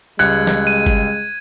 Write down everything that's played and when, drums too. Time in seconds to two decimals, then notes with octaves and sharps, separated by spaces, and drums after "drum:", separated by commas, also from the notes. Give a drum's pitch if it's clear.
0.19 C#2 G3 G#3 F#6 G#6 C#7
0.47 drum: snare
0.67 D#7
0.86 drum: kick, hi-hat